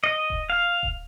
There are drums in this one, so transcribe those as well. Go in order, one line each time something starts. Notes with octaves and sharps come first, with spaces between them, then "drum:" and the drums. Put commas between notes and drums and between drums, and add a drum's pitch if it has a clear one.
D#5
drum: kick D#1
F5
drum: kick D#1